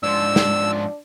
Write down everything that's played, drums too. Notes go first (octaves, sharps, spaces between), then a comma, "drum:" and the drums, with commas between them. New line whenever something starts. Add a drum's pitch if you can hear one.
G#2 F3 D4 E6
drum: snare